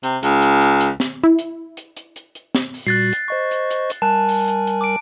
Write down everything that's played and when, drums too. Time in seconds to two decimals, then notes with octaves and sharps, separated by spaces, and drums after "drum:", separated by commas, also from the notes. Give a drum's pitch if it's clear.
0.03 C3, drum: hi-hat
0.23 C#2, drum: hi-hat
0.42 drum: hi-hat
0.61 drum: hi-hat
0.81 drum: hi-hat
1.00 drum: snare
1.24 E4
1.39 drum: hi-hat
1.77 drum: hi-hat
1.97 drum: hi-hat
2.16 drum: hi-hat
2.35 drum: hi-hat
2.55 drum: snare
2.74 drum: open hi-hat
2.87 A#2 G3 F#4 F#6 A6 C7
3.13 drum: hi-hat
3.28 C5 D#5 C#6
3.51 drum: hi-hat
3.71 drum: hi-hat
3.90 drum: hi-hat
4.02 G3 A#4 G#5 A5 F#6
4.29 drum: open hi-hat
4.48 drum: hi-hat
4.67 drum: hi-hat
4.81 D6 D7